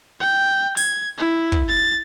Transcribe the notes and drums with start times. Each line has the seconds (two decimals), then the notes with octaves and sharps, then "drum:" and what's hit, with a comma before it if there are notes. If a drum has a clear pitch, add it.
0.20 G5
0.77 G#6, drum: open hi-hat
1.18 E4
1.52 drum: kick
1.69 A6